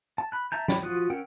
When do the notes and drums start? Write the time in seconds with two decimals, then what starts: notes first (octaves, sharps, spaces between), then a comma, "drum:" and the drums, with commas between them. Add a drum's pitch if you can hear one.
0.18 A5
0.32 B5 F#6
0.52 E5 A5 A#5 G6
0.68 C#5 D5 G5 B5, drum: snare
0.82 F3 F4 F#4 D#6 F#6
1.10 C#4 A#4 F#5 G5 E6